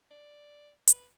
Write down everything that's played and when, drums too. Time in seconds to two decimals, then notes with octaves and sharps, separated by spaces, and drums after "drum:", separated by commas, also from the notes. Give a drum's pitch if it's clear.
0.11 D5
0.87 B4, drum: hi-hat